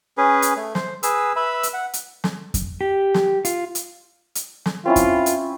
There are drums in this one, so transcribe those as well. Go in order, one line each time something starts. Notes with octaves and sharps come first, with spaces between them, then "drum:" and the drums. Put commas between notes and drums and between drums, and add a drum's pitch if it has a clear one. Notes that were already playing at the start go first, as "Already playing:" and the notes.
C#4 G#4 B4
drum: hi-hat
A3
C5, drum: snare
G#4 B4 E6, drum: hi-hat
B4 E5 B5 E6
drum: hi-hat
F#5
drum: hi-hat
drum: snare
drum: kick F2, hi-hat
G4
drum: snare
F4, drum: hi-hat
drum: hi-hat
drum: hi-hat
drum: snare
C4 C#4 E4 F4
drum: kick F2, hi-hat
drum: hi-hat